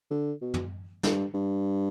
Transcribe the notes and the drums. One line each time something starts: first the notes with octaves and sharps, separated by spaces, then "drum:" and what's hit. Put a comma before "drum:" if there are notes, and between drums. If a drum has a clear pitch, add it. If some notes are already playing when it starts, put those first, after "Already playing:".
D3
B2
drum: tom
G2, drum: snare
G2